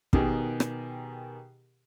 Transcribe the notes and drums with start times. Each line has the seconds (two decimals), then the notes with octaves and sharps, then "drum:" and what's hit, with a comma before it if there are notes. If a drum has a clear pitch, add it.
0.13 B2 D#3 G4 G#4 A#4, drum: kick
0.60 drum: rim click